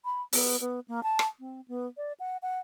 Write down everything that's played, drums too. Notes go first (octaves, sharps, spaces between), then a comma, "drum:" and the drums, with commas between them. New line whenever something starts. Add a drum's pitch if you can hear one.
B5
B3, drum: open hi-hat
B3
A#3
A5
drum: rim click
C4
B3
D5
F#5
F#5